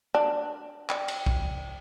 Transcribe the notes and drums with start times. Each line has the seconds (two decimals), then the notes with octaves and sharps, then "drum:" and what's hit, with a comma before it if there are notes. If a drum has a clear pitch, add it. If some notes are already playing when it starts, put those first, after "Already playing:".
0.15 D4
0.89 D5 G5, drum: clap
1.08 drum: cymbal
1.26 drum: kick